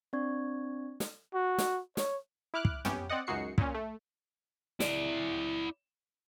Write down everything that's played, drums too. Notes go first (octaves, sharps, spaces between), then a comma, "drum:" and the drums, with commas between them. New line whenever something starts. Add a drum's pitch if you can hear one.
C4 D4 D5 C#6 G#6
drum: snare
F#4
drum: snare
C#5, drum: snare
E4 D6 F6 F#6
drum: kick
B3 C#4 G4, drum: tom
C4 D5 D#5 F#5
C#2 F#2 D#4 F#4 C7 C#7
A#2 C#4, drum: kick
A3
E4 D5, drum: snare